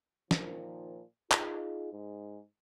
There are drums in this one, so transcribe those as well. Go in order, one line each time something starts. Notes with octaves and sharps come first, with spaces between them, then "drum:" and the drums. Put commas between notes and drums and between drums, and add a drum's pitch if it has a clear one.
A#2 D#3 F3, drum: snare
D#4 F4 G#4, drum: clap
G#2